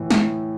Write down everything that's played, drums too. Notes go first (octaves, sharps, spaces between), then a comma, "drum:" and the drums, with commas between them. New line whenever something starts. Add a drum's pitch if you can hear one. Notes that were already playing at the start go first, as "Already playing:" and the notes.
Already playing: A2 E3
A2, drum: snare